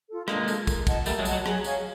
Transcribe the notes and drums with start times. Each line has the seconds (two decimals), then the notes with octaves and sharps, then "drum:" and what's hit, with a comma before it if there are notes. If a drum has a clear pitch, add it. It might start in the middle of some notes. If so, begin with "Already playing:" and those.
0.09 F4 A4
0.28 G#3 A#3 D4, drum: rim click
0.48 F4 A4, drum: tambourine
0.67 A#4, drum: kick, tambourine
0.87 D#5 F#5 A5, drum: kick, tambourine
1.06 G3 A3 A#4, drum: tambourine
1.19 F#3 G#3
1.25 D#5 F#5 A5, drum: tambourine
1.32 F#3
1.46 F#3 G#4, drum: rim click
1.64 C#5 F5 G#5, drum: tambourine